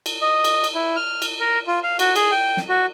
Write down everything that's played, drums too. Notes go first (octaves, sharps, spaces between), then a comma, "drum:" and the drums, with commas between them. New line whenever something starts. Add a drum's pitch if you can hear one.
drum: cymbal
D#5
drum: cymbal
drum: cymbal
E4
F6
drum: cymbal
A#4
F4
F5
F#4, drum: cymbal
G#4, drum: cymbal
G5
drum: snare
F#4